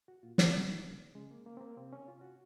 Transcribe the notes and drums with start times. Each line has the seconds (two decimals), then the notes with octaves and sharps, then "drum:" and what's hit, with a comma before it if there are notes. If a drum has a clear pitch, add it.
0.08 F#4
0.23 A#2 F4
0.38 A#3, drum: snare
0.53 C3
0.85 C#3
1.15 C#3 G#3
1.31 A#3
1.46 A#3
1.57 C4
1.61 A#3
1.77 C3 C4
1.93 C#4
2.08 F4
2.21 F#4